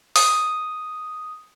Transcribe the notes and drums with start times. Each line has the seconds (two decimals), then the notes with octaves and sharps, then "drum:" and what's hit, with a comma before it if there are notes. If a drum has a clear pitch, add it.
0.16 D#6, drum: open hi-hat